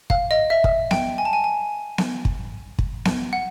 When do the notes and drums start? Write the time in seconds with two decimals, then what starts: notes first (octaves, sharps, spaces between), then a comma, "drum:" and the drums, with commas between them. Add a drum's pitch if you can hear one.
0.10 F5, drum: kick
0.31 D#5
0.50 E5
0.64 drum: kick
0.91 G5, drum: snare B3
1.18 G#5
1.25 A5
1.33 G#5
1.44 G#5
1.98 drum: snare B3
2.25 drum: kick
2.79 drum: kick
3.05 drum: snare B3
3.33 F#5